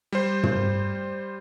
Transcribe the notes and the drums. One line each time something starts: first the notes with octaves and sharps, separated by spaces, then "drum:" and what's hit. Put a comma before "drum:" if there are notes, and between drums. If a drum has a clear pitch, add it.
G3 C5
drum: tom